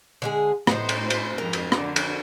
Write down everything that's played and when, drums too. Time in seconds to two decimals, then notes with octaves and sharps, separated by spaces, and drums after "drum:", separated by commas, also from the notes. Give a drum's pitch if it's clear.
0.22 D3 G#3 G#4
0.67 A2 B3 D#4 C5, drum: rim click
0.89 drum: cymbal
1.10 drum: cymbal
1.38 F2 G#2 A#4
1.53 drum: cymbal
1.72 D3, drum: rim click
1.96 drum: cymbal